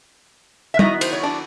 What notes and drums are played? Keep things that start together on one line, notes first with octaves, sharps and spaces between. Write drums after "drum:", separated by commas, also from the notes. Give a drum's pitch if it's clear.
E5
D#3 F#3 B3 D#4 E4 D#5, drum: tom
C5, drum: cymbal
C#5
D4 D5